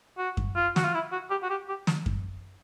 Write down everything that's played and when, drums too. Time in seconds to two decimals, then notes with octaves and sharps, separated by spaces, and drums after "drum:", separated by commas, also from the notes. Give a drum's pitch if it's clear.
0.18 F#4
0.37 drum: kick F#2
0.56 F4
0.76 F#4, drum: snare
0.85 F4
0.94 E4
1.12 F#4
1.30 G4
1.43 F#4
1.50 G4
1.68 G4
1.87 drum: snare
2.06 drum: kick F#2